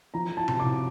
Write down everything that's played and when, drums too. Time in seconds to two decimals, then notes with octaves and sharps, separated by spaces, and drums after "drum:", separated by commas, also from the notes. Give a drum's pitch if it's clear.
0.14 F3 A#5
0.37 A5
0.48 C3, drum: tom C3
0.60 D6